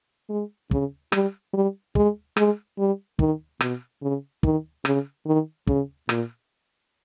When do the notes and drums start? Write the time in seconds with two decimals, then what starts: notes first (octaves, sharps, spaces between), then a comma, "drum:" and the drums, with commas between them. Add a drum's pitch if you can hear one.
0.29 G#3
0.71 C#3, drum: kick
1.12 G3, drum: rim click
1.53 G3
1.95 G#3, drum: kick
2.37 G#3, drum: rim click
2.78 G3
3.19 D#3, drum: kick
3.61 B2, drum: rim click
4.02 C#3
4.43 D#3, drum: kick
4.85 C#3, drum: rim click
5.26 D#3
5.67 C#3, drum: kick
6.09 A#2, drum: rim click